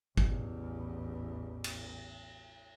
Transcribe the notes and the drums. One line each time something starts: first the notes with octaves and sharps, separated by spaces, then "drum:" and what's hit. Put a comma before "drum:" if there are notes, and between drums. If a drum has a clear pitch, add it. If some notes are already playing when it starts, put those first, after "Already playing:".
A1 E2, drum: kick
drum: cymbal